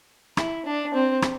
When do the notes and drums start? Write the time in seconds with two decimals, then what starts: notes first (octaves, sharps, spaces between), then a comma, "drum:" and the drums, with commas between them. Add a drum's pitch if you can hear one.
0.37 E4, drum: rim click
0.66 D4
0.94 C4
1.22 drum: rim click